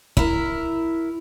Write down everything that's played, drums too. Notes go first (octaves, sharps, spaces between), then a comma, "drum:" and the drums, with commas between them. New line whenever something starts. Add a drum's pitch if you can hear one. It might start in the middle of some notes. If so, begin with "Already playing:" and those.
E4 A#4, drum: kick